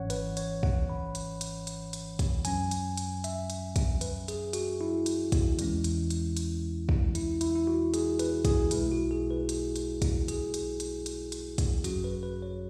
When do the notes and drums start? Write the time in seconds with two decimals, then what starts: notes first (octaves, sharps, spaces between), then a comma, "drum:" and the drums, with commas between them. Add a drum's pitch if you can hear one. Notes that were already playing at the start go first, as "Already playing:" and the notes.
Already playing: G#1 G#2 E3 C#4 C#5 F#5
0.10 B4, drum: hi-hat
0.37 C#5, drum: hi-hat
0.63 F#5, drum: kick
0.89 B5
1.15 drum: hi-hat
1.41 drum: hi-hat
1.67 drum: hi-hat
1.93 drum: hi-hat
2.19 drum: kick, hi-hat
2.45 F#2 F#3 C#4 G#5, drum: hi-hat
2.71 drum: hi-hat
2.97 drum: hi-hat
3.24 E5, drum: hi-hat
3.50 drum: hi-hat
3.76 drum: kick, hi-hat
4.01 B4, drum: hi-hat
4.28 G#4, drum: hi-hat
4.53 F#4, drum: hi-hat
4.81 E4
5.06 drum: hi-hat
5.32 drum: kick, hi-hat
5.59 E2 E3 G#3 C#4, drum: hi-hat
5.84 drum: hi-hat
6.10 drum: hi-hat
6.37 drum: hi-hat
6.89 drum: kick
7.15 E4, drum: hi-hat
7.41 E4, drum: hi-hat
7.56 E4
7.67 F#4
7.94 G#4, drum: hi-hat
8.19 B4, drum: hi-hat
8.45 G#4, drum: kick, hi-hat
8.71 B1 B2 G#3 E4, drum: hi-hat
8.91 F#4
9.11 G#4
9.31 B4
9.49 G#4, drum: hi-hat
9.76 drum: hi-hat
10.02 drum: kick, hi-hat
10.28 G#4, drum: hi-hat
10.54 drum: hi-hat
10.80 drum: hi-hat
11.06 drum: hi-hat
11.32 drum: hi-hat
11.58 drum: kick, hi-hat
11.84 G#1 F#2 F#3 C#4 F#4, drum: hi-hat
12.04 B4
12.23 B4
12.42 C#5